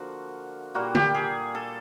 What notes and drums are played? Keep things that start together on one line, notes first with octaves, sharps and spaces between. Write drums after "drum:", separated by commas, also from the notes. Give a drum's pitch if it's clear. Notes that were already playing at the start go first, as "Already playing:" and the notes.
Already playing: D3 F3 A#3 F#4
A#2 G3 A#3 F#4
G4, drum: tom
G#4
A4